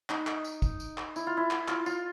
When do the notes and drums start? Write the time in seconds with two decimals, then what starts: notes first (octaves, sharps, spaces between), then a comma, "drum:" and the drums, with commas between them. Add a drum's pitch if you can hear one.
0.10 D#4, drum: clap
0.27 drum: clap
0.44 drum: tambourine
0.62 drum: kick, tambourine
0.80 drum: tambourine
0.98 drum: clap
1.16 E4, drum: tambourine
1.27 F4
1.37 E4
1.51 drum: clap
1.68 F4, drum: clap
1.86 F4, drum: tambourine